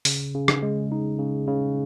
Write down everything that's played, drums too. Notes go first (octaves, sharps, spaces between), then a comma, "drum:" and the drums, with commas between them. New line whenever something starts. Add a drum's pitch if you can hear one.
C#3, drum: open hi-hat
C#3
drum: rim click
G#3
D#4
C#3
C#3